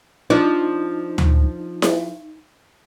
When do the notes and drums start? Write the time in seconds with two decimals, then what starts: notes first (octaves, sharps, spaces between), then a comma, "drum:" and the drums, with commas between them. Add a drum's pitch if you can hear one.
0.30 F3 D4 D#4
1.18 drum: tom D2
1.82 drum: snare E4